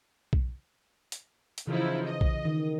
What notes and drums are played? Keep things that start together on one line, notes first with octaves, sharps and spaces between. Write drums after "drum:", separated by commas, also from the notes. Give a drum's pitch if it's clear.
drum: kick B1
drum: hi-hat
drum: hi-hat
C#3 E3 F3 D#4 E4
D#5
drum: kick B1
D#3